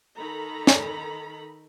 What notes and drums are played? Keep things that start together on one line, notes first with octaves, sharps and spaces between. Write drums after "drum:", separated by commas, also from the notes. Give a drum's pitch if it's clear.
D#3 A4 A#5 B5
drum: snare